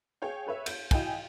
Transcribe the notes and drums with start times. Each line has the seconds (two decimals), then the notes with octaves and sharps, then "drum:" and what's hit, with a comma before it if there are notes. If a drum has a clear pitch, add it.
0.22 G#4 C#5 F5 G5
0.46 A4 B4 C#5 E5
0.66 G6, drum: cymbal
0.91 E4 F#4 D#5 F5 G5 G#5, drum: kick, cymbal